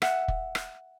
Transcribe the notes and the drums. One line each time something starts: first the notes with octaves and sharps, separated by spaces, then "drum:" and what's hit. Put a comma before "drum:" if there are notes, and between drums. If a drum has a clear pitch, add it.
E5 F#5, drum: rim click
drum: kick
drum: rim click